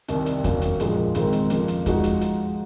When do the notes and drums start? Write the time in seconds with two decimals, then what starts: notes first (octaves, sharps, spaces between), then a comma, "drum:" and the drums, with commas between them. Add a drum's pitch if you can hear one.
0.08 C2 C3 D#3, drum: hi-hat
0.26 drum: hi-hat
0.44 F#2 D#3 F#3 A#3, drum: kick E2, hi-hat
0.62 drum: hi-hat
0.80 A#1 A#2 F3 G#3, drum: hi-hat
1.15 G#1 G#2 D#3 G#3 C4, drum: hi-hat
1.33 drum: hi-hat
1.50 F2 C#3 F3 A#3, drum: hi-hat
1.68 drum: hi-hat
1.86 G#2 F3 G#3 D#4 F#4, drum: kick E2, hi-hat
2.04 drum: hi-hat
2.21 drum: hi-hat